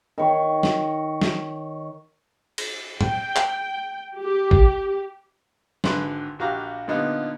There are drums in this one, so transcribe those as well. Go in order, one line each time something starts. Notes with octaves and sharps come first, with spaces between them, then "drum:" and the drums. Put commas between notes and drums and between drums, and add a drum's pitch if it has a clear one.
D#3 C#5
drum: snare
drum: snare
drum: cymbal
G5, drum: tom
drum: clap
G4
drum: kick A1
G#1 D3 B4 C6, drum: snare
A#1 F#4 G4 F5 A#5
A#2 D3 B3 D#4 F4